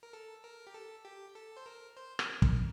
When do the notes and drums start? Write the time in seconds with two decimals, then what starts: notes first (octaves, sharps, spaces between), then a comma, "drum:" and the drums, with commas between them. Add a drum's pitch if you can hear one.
0.03 A#4
0.13 A4
0.44 A#4
0.67 G4
0.74 A4
1.05 G4
1.35 A4
1.57 C5
1.66 A#4
1.97 C5
2.19 A#4, drum: rim click
2.42 A#4, drum: kick